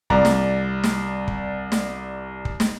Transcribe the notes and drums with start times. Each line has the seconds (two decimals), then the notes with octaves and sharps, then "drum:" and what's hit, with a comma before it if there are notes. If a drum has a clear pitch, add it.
0.10 C2 D5 A#5, drum: kick
0.25 drum: snare
0.84 drum: snare
1.28 drum: kick
1.72 drum: snare
2.45 drum: kick
2.60 drum: snare